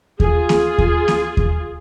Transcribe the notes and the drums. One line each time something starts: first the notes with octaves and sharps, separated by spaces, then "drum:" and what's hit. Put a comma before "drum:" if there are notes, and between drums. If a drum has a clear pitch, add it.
F4 G#4, drum: kick D#2
drum: snare A#3
drum: kick D#2
drum: snare A#3
drum: kick D#2